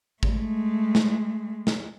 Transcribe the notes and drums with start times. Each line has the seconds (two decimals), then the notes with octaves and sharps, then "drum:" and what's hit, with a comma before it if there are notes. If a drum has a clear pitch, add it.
0.23 G#3 A3, drum: kick
0.95 drum: snare
1.67 drum: snare